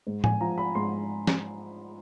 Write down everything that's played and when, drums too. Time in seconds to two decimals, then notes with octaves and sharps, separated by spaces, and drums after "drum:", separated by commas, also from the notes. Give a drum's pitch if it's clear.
0.07 G#2
0.24 G#5, drum: tom A2
0.41 F3 A#5
0.58 B5
0.75 G#2 C6
1.27 drum: snare